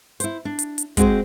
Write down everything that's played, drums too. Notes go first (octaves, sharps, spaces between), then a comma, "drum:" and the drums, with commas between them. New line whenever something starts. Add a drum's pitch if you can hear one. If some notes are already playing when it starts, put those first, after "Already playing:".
E4 C5, drum: hi-hat
D4
drum: hi-hat
drum: hi-hat
G#3 C4 F#4 G#4 C5, drum: kick, hi-hat